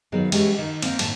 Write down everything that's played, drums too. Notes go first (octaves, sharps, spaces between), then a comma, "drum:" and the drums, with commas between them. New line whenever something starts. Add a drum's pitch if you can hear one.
D#3 F#3 B3 G#4 C#5 F5
E3 G#3 C#4 G4 G#4, drum: cymbal
D#3
A#3 C4, drum: cymbal
A2 D#3 C4 E5 A5, drum: cymbal